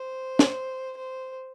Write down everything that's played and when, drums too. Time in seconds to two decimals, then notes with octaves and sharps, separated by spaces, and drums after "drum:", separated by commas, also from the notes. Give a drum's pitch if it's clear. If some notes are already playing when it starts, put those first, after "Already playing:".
Already playing: C5
0.39 drum: snare
0.97 C5